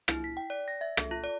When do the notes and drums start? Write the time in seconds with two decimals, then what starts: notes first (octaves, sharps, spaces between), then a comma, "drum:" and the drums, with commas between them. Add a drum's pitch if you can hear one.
0.08 E4, drum: rim click
0.24 B6
0.37 G5
0.50 D5
0.68 A#6
0.81 E5
0.97 A4, drum: rim click
1.11 F4
1.24 D5